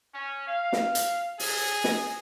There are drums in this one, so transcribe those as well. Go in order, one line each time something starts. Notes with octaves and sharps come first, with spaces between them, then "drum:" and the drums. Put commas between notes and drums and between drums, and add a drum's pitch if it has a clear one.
C#4
F5
drum: snare
drum: hi-hat
G#4, drum: open hi-hat
drum: snare